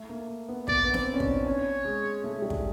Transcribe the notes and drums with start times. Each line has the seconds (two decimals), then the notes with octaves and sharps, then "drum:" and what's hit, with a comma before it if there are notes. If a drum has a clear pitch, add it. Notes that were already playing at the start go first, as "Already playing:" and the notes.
Already playing: A3
0.09 A#3
0.48 B3
0.68 B3 D5, drum: kick
0.85 B3
0.94 C4, drum: snare
1.14 C#4
1.20 D4, drum: kick
1.37 D4
1.46 C#4 C#5
1.85 G#3
2.24 A3
2.33 G#3
2.42 G3
2.50 G#3, drum: kick